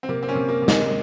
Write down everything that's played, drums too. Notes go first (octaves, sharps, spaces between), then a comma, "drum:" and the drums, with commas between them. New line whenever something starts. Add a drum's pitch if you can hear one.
C4
C3 A#3
C4
A#3 C#4
C3
A#3
C3
G#3, drum: snare